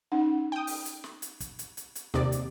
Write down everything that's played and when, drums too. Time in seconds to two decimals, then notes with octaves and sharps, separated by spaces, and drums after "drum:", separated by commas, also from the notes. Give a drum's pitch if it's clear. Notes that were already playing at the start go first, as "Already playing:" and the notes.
0.12 C#4 D#4 F#5
0.52 G5 D#6
0.67 drum: open hi-hat
0.85 drum: hi-hat
1.04 drum: snare
1.22 drum: hi-hat
1.40 drum: kick, hi-hat
1.59 drum: hi-hat
1.77 drum: hi-hat
1.95 drum: hi-hat
2.14 D#2 C3 D5, drum: snare
2.32 drum: hi-hat